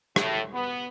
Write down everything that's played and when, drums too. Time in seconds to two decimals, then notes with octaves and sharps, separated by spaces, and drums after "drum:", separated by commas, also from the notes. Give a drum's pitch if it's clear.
0.16 A2, drum: rim click
0.54 B3